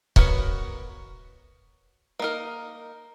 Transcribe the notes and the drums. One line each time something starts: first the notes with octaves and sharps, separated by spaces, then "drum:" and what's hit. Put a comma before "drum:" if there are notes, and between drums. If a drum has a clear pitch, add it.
B3 F#4 A#4 C#5, drum: kick C#1
A#3 D#4 A#4